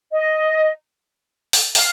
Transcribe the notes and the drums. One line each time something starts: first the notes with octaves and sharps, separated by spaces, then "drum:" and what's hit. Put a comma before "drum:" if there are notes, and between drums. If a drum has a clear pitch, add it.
D#5
drum: open hi-hat
F5, drum: open hi-hat